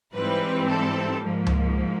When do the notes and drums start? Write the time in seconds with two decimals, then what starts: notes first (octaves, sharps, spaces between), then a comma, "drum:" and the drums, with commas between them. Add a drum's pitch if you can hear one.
0.14 G#2 E3 G3 C4 B4
0.68 A4
1.22 G#2 F3 A#3
1.46 drum: tom C#2